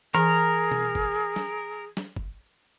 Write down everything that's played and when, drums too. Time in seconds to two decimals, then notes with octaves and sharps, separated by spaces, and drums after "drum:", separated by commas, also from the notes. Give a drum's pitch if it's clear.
0.15 E3 G#4 A#4, drum: clap
0.71 drum: tom B2
0.95 drum: kick
1.36 drum: snare
1.97 drum: snare
2.16 drum: kick